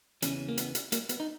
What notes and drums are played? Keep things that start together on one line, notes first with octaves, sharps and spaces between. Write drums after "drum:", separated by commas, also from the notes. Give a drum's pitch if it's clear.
E2 C#3 E3 C#4, drum: hi-hat
A#3
B3, drum: hi-hat
drum: hi-hat
A#3, drum: hi-hat
B3, drum: hi-hat
D#4